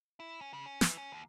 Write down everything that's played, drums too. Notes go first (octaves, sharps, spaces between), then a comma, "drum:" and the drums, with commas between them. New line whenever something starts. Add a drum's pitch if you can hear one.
E4
C#4
C#3
C#4
E3, drum: snare
C#4
D#2